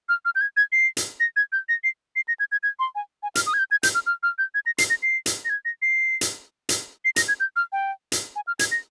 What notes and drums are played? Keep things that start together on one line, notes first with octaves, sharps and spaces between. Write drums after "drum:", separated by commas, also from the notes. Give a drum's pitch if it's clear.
F6
F6
G6
G#6
G#6
C7
drum: hi-hat
A#6
G#6
G6
A#6
C7
C7
A#6
G#6
G#6
G#6
C6
G#5
G#5
F6, drum: hi-hat
D#6
G#6
G6
G#6
G6, drum: hi-hat
F6
F6
F6
G6
G#6
A#6
C7, drum: hi-hat
A#6
C7
drum: hi-hat
A#6
G#6
A#6
C7
drum: hi-hat
drum: hi-hat
C7
A#6, drum: hi-hat
G#6
G6
F6
G5
drum: hi-hat
G#5
F6
G#6, drum: hi-hat
A#6